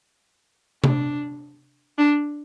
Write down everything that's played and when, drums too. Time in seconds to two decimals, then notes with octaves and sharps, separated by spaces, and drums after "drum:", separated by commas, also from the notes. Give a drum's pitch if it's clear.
0.84 D4, drum: tom C3
1.98 D4